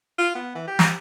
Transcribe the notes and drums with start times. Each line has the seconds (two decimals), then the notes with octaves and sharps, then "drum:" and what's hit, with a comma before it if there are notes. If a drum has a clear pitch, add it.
0.18 F4
0.35 B3
0.55 E3
0.67 G4
0.79 drum: snare